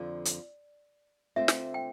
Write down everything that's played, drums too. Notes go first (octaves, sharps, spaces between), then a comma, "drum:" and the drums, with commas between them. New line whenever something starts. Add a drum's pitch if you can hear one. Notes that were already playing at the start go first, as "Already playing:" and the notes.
Already playing: F2 D3 F3 D5
drum: hi-hat
D3 A3 C4 F4 C5 E5
drum: snare
G5